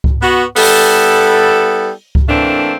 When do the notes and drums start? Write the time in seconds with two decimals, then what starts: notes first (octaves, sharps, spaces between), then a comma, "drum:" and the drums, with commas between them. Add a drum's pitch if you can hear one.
0.04 drum: kick C#2
0.22 B3 F#4
0.56 G3 B3 E4 A4, drum: open hi-hat
2.15 drum: kick C#2
2.28 E3 A3 A#3 C4 D4